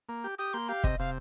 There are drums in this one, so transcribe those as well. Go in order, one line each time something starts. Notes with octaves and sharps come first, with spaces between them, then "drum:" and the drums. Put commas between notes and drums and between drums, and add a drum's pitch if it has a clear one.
A#3
G4
G4 D#6
A#3 C6
G4 F5
C3 D#5, drum: kick
C3 F5